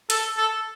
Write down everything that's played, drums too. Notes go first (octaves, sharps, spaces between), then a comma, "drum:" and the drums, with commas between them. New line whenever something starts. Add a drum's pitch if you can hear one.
A4, drum: hi-hat
A4